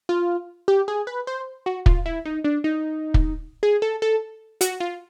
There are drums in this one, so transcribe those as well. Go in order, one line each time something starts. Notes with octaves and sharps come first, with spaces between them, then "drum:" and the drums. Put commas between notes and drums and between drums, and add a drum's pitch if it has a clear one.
F4
G4
G#4
B4
C5
F#4
F4, drum: kick
E4
D#4
D4
D#4
drum: kick
G#4
A4
A4
F#4, drum: hi-hat
F4